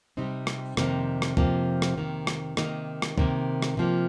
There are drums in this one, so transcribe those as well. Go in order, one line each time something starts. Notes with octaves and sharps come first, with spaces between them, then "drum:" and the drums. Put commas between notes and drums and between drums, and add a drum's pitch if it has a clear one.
C3 G3 C4 D#4
drum: rim click
F2 C3 D#3 A#3, drum: rim click
drum: rim click
F2 C3 F3 A#3, drum: kick
drum: rim click
F2 C3 D#3 A#3
drum: rim click
C3 D#3 A#3 D#4, drum: rim click
drum: rim click
C3 D#3 A#3, drum: kick
drum: rim click
C3 F3 A#3